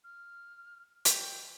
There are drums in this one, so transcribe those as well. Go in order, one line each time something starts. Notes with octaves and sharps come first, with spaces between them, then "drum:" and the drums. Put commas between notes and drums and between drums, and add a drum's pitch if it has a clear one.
F6
G5, drum: hi-hat